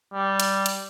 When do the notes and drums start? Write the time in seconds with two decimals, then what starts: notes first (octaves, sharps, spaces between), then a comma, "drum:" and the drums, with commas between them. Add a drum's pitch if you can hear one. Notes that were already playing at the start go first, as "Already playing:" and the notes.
0.13 G3
0.40 drum: hi-hat
0.66 drum: hi-hat